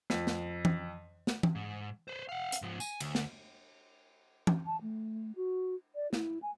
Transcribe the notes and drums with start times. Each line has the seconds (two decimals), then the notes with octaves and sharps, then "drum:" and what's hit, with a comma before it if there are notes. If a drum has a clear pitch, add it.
0.10 F2, drum: snare
0.27 drum: snare
0.65 drum: tom E3
1.27 drum: snare
1.43 drum: tom E3
1.55 G#2
2.08 B4 C5
2.29 F5 F#5
2.52 drum: hi-hat
2.62 G#2 F3
2.80 G#5, drum: tambourine
3.00 D2, drum: cymbal
3.15 drum: snare
4.47 drum: tom E3
4.66 A5
4.82 A3
5.36 F#4
5.95 D5
6.13 E4, drum: snare
6.42 G#5